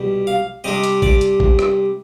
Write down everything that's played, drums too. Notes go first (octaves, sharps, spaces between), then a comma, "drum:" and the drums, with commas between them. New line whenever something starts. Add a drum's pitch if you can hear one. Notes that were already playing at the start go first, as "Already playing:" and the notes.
Already playing: C2 B2 G3
F5
C3 G3 D4 D#5
drum: hi-hat
D5, drum: kick
drum: hi-hat
drum: kick
drum: rim click